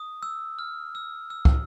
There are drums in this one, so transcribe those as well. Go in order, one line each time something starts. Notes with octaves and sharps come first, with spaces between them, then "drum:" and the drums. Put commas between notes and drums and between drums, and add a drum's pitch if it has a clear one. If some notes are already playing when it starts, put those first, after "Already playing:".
Already playing: D#6
E6
F6
E6
E6
drum: kick